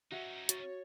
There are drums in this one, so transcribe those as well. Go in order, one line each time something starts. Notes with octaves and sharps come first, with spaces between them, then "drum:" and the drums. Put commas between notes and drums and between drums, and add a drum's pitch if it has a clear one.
C#4 D#4 F#4 E5
F#4 C#5 A6, drum: hi-hat